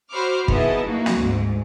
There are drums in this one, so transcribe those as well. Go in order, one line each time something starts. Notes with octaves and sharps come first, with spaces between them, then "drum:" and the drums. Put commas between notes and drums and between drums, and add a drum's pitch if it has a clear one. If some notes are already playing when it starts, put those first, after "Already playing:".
F#4 C5 B5 C#6 D6 F6
B3 D#4 E4 G#4 D#5 A5, drum: kick
A#3 D#4 F#4
drum: snare
D2 G#2